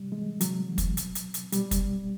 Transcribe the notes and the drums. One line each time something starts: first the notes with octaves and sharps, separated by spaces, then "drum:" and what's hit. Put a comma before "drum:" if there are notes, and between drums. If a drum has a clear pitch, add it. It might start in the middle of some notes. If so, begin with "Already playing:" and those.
Already playing: C3 G3
E3 G#3
C3 F#3, drum: hi-hat
E3
drum: kick, hi-hat
B2, drum: hi-hat
drum: hi-hat
drum: hi-hat
B2 G3, drum: hi-hat
drum: kick, hi-hat